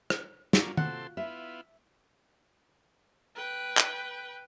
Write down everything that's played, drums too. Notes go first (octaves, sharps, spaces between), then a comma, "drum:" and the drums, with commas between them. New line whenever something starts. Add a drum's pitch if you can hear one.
drum: rim click
A#3 C#4 D4 F4 F#4, drum: snare
C3 A4 F#5 C6, drum: tom
B3 E4 F4 E5
B4 G5
drum: clap